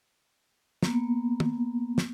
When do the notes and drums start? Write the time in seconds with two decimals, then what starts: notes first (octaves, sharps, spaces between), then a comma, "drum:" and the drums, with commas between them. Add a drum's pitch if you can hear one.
0.83 A#3 B3, drum: snare
1.40 drum: tom
1.98 drum: snare